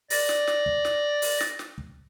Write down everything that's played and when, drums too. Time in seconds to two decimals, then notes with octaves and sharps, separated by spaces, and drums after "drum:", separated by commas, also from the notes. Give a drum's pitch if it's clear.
0.10 D5 A#6, drum: open hi-hat
0.29 drum: snare
0.47 drum: snare
0.66 drum: kick
0.85 drum: snare
1.22 drum: open hi-hat
1.40 drum: snare
1.59 drum: snare
1.78 drum: kick